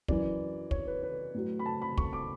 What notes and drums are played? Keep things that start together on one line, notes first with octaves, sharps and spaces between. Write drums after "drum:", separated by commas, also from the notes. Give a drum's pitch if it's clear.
F#2 E3 D5, drum: kick
C#5, drum: kick
B4
B4
A2 F#3
B5
A5
B5
C#6, drum: kick
D6